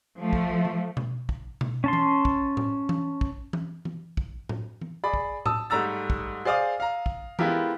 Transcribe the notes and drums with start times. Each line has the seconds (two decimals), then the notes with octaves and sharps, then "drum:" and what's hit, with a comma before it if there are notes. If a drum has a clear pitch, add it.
0.18 F3 A3
0.33 drum: kick
0.65 drum: tom E3
0.97 drum: tom B2
1.29 drum: kick
1.61 drum: tom B2
1.84 C#4 A5 C6
1.93 drum: tom E3
2.25 drum: kick
2.57 drum: tom A2
2.89 drum: tom E3
3.21 drum: kick
3.53 drum: tom E3
3.85 drum: tom E3
4.17 drum: kick
4.49 drum: tom A2
4.81 drum: tom E3
5.04 G#4 D5 B5
5.14 drum: kick
5.46 A5 D#6 E6, drum: tom A2
5.70 G#2 G3 A3 A#5 E6 A6
6.10 drum: kick
6.45 G#4 C5 D5 F5 D#6
6.80 F5 A#5
7.06 drum: kick
7.39 G#3 B3 E4 F4 G4 A#4, drum: tom E3